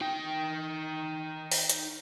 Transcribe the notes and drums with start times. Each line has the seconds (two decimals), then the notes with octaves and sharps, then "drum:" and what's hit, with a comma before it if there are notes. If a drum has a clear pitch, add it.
0.01 D#4 G5
1.52 drum: open hi-hat
1.70 drum: hi-hat